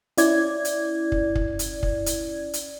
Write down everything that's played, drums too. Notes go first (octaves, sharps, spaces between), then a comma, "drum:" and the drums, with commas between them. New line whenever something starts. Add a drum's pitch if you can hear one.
C#4 E4 D5 G#6, drum: hi-hat
drum: hi-hat
drum: kick
drum: kick
drum: hi-hat
drum: kick
drum: hi-hat
drum: hi-hat